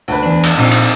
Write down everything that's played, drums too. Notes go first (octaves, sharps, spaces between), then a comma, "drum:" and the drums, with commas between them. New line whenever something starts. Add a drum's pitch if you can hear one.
D2 B4
E2 D4
drum: cymbal
A#1 C4 D#4
drum: cymbal